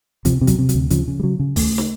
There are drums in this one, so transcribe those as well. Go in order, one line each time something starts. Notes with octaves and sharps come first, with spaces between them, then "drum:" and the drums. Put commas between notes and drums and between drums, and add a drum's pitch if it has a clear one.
C3 F3, drum: kick, hi-hat
C3
F#3, drum: kick, hi-hat
C3
F#3, drum: hi-hat
D2
C#3 F3, drum: hi-hat
C#3
G3
C#3 F#3
C#3
D#2 A3, drum: kick, open hi-hat
drum: snare